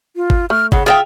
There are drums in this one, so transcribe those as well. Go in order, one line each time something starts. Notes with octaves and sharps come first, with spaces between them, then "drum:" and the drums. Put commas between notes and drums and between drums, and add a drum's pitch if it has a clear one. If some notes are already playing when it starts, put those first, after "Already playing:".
F4
drum: kick
A3 F6
C#3 F#5, drum: kick
F4 G#4 E5 F5 G5 D#6